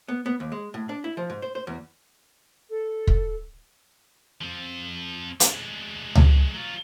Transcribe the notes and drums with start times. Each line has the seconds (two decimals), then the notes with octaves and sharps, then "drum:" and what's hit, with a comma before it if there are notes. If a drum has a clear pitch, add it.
0.08 B3
0.26 B3
0.40 D#2
0.52 G#3
0.74 A2
0.89 D4
1.04 E4
1.17 F3
1.30 G#2
1.42 C5
1.55 C5
1.67 E2
2.70 A4
3.07 drum: kick
4.41 F3 C4
5.40 G#3 D4, drum: hi-hat
6.15 drum: tom C#2
6.54 F#3 F4